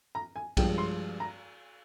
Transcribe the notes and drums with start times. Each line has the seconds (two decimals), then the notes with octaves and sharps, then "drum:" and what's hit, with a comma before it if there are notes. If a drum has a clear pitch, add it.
0.15 A#5
0.36 G#5
0.57 G2 F3 G#3 G5, drum: kick B1, cymbal
0.78 C6
1.20 A#5